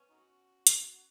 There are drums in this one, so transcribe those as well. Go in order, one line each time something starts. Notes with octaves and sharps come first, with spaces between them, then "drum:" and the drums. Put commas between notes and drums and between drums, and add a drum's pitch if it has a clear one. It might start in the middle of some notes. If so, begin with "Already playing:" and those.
Already playing: B3 C#4
D#4 F#4
drum: hi-hat